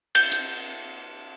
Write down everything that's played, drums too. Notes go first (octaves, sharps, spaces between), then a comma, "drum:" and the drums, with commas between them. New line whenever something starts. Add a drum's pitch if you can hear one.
G6, drum: cymbal
drum: hi-hat